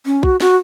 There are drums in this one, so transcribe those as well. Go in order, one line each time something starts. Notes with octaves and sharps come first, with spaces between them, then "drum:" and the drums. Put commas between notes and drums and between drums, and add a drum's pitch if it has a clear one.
C#4
F#4, drum: kick B1
F#4, drum: snare